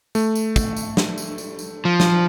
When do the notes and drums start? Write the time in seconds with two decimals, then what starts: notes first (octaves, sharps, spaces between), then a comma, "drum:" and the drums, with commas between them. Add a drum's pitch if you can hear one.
0.15 A3, drum: tambourine
0.35 drum: tambourine
0.56 drum: kick, tambourine
0.77 drum: tambourine
0.97 drum: snare
1.18 drum: tambourine
1.38 drum: tambourine
1.59 drum: tambourine
1.85 F3
2.00 drum: snare